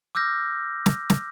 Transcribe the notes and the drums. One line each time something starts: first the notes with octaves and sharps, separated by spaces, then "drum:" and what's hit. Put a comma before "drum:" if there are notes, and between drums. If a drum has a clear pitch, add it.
D6 E6 F6 G6 A#6
drum: snare
drum: snare